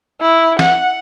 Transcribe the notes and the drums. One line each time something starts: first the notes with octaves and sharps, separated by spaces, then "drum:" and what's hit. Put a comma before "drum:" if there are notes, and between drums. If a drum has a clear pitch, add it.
E4
F#5, drum: snare